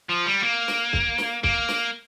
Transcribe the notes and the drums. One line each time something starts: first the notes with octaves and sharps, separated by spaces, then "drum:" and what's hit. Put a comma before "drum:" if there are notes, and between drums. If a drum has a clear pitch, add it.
F3
G3
A#3
drum: snare
drum: kick C2
drum: snare
A#3, drum: kick C2
drum: snare